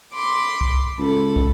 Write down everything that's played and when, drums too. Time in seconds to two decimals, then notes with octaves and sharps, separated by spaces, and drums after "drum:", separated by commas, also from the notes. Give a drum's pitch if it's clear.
0.12 B5 C6 D6
0.61 drum: kick
0.99 C#2 A4 B5
1.36 drum: kick